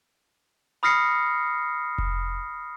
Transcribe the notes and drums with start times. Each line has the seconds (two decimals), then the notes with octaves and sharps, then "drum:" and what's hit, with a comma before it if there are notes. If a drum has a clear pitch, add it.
0.83 B5 D#6 F6 A#6 C7 C#7
1.98 drum: kick F1